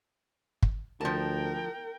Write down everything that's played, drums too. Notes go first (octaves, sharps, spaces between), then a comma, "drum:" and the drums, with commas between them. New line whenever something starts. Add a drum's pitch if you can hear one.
drum: kick
D2 F3 A#4 G5 A5